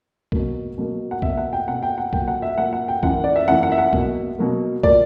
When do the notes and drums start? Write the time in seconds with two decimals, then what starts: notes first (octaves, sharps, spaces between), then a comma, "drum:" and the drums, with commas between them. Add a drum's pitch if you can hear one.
0.32 B2 F#3 A#3, drum: kick
0.78 B2 F#3 A#3
1.11 F#5
1.22 B2 A#3 E5, drum: kick
1.38 F#5
1.53 G5
1.67 B2 A#3 F#5
1.83 G5
1.98 F#5
2.13 A#2 F#3 A#3 G5, drum: kick
2.28 F#5
2.42 E5
2.58 A#2 F#3 A#3 F#5
2.73 F#5
2.88 G5
3.03 F#2 E3 A#3 F#5, drum: kick
3.24 D5
3.36 E5
3.48 F#2 E3 A#3 F#5
3.63 F#5
3.72 E5
3.78 F#5
3.93 B2 F#3 A#3, drum: kick
4.38 B2 F#3 A#3
4.83 A#2 A#3 D5, drum: kick